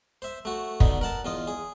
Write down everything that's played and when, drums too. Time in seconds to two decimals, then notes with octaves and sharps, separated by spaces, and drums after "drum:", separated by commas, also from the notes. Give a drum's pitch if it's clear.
0.22 C5 E5
0.45 A3 F#4
0.80 B2 D3 D#4, drum: kick
1.01 A#4 F#5 A5
1.25 E2 F4 D#5
1.47 G#4